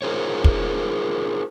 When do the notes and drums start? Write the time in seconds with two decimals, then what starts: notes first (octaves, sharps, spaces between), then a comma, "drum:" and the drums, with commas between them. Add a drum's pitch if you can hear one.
0.02 D#4 F4 G#4 A#4 C5 C#5
0.44 drum: kick